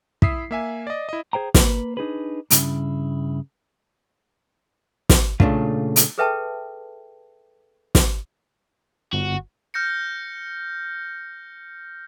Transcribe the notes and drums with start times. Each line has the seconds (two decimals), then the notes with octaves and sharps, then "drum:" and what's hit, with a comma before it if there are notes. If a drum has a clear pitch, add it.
0.22 E4 E5 D#6 B6 C7, drum: kick
0.51 A#3 E5 G#5
0.87 D5 D#5
1.09 E4 D#5
1.33 G#4 C5 G5 A#5
1.54 A#3 B4, drum: snare
1.97 D4 D#4 G#4 B4
2.51 G2 C#3 E4, drum: hi-hat
5.09 drum: snare
5.40 A#2 C#3 A3 D4 F4, drum: kick
5.96 drum: hi-hat
6.18 G#4 A4 B4 E5 G5 A5
7.95 drum: snare
9.13 G1 F#4
9.74 F6 G6 A#6 C#7